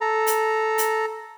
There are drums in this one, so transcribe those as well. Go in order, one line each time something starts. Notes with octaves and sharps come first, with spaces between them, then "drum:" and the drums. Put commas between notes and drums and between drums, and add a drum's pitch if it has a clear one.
A4 A#5
drum: hi-hat
drum: hi-hat